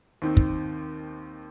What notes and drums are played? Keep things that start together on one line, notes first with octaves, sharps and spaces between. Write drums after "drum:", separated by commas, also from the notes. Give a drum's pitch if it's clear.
D#2 D#3 C4
drum: kick